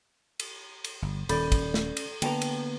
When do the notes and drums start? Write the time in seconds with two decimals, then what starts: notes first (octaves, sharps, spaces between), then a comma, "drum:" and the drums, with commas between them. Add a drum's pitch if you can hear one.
0.40 drum: cymbal
0.84 drum: cymbal
1.02 G1
1.29 D#1 D#3 C#4 A4 D5 B5 G6, drum: cymbal
1.52 drum: kick, cymbal
1.74 drum: snare
1.97 drum: cymbal
2.22 D3 A#3 B3 B4 G5 A5 A#5, drum: cymbal
2.42 drum: cymbal